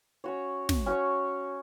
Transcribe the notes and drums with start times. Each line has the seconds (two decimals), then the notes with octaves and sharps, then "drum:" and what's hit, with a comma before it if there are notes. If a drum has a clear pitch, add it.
0.24 C#4 F#4 C#5
0.69 drum: snare
0.86 C#4 F#4 C#5